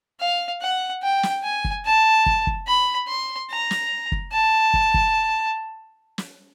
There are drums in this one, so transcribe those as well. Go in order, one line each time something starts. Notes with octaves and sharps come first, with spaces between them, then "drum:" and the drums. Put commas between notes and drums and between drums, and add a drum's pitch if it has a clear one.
F5
F#5
G5
drum: snare
G#5
drum: kick
A5
drum: kick
drum: kick
B5
C6
A#5
drum: snare
drum: kick
A5
drum: kick
drum: kick
drum: snare